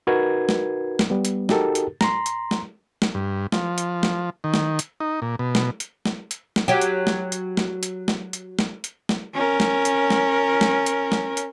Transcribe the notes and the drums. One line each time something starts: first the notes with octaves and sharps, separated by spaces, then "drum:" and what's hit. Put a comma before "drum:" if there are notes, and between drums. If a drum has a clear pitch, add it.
D#4 F#4 A#4 B4 G#6
drum: snare
drum: snare
G3 B3
drum: hi-hat
D#4 F#4 G4 A4 A#4, drum: snare
drum: hi-hat
A#5 C6, drum: snare
drum: hi-hat
drum: snare
drum: snare
G2
F3, drum: snare
drum: hi-hat
drum: snare
D#3
drum: snare
drum: hi-hat
D#4
A#2
B2
drum: snare
drum: hi-hat
drum: snare
drum: hi-hat
drum: snare
F#3 G4
drum: hi-hat
drum: snare
drum: hi-hat
drum: snare
drum: hi-hat
drum: snare
drum: hi-hat
drum: snare
drum: hi-hat
drum: snare
C#4 A#4
drum: snare
drum: hi-hat
drum: snare
drum: snare
drum: hi-hat
drum: snare
drum: hi-hat